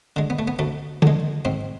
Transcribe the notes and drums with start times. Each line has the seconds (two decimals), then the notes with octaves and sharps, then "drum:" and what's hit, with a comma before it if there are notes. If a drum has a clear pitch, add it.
0.16 D3 G#3
0.30 B3
0.39 A3
0.48 B3
0.59 D2 A3
1.02 D3 G#3, drum: tom
1.45 G#2 C4